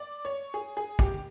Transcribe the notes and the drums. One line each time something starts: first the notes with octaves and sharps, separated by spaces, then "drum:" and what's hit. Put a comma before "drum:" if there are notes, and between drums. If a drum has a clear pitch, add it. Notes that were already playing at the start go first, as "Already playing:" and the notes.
Already playing: D5
C#5
G#4
G#4
G4, drum: kick